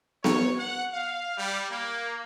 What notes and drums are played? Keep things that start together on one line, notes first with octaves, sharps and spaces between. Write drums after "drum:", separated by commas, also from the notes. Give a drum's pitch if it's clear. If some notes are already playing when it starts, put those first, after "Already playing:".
C#5, drum: snare B3
F#5
F5
G3
A#3